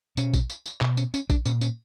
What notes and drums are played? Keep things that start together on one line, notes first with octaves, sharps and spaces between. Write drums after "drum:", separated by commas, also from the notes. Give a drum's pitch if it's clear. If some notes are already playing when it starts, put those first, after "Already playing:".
B2 C#4, drum: tambourine
drum: kick A#1, tambourine
drum: tambourine
drum: tambourine
B2, drum: clap
C#4, drum: tambourine
C#4, drum: tambourine
D4, drum: kick A#1, tambourine
A#2 C#4, drum: tambourine
C#4, drum: tambourine